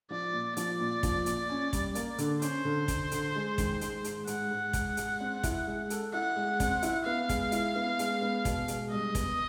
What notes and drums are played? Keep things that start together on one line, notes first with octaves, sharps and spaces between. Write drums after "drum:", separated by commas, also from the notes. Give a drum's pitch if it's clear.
F3 D5
A#2
F3 D5, drum: hi-hat
A#2
F3, drum: kick, hi-hat
A#2, drum: hi-hat
C#4
G3, drum: kick, hi-hat
A#3, drum: hi-hat
D3, drum: hi-hat
C#4 C5, drum: hi-hat
D3
D3, drum: kick, hi-hat
D3, drum: hi-hat
G#3
D#3, drum: kick, hi-hat
G#3, drum: hi-hat
G#2, drum: hi-hat
G#2 F#5, drum: hi-hat
G#2
G#2, drum: kick, hi-hat
G#3, drum: hi-hat
C4
E4, drum: kick, hi-hat
G#3
A4, drum: hi-hat
E4 F#5
G#3
C4, drum: kick, hi-hat
E4, drum: hi-hat
B3 F5
G#3, drum: kick, hi-hat
E4, drum: hi-hat
B3
G#3, drum: hi-hat
B3
B2, drum: kick, hi-hat
G#3, drum: hi-hat
G2 D#5
B3, drum: kick, hi-hat